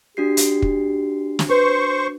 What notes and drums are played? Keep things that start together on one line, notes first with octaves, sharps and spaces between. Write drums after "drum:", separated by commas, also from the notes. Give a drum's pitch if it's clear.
D4 F#4 G4 C7
drum: hi-hat
drum: kick
drum: snare
B4 C5 C#6